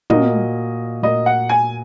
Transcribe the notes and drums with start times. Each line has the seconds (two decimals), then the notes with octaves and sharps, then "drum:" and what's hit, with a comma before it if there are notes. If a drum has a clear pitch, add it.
0.10 A#2 A#3 F#4 A#4 D#5, drum: tom
1.02 A#2 A#3 F#4 A#4 D#5
1.26 F#5
1.49 G#5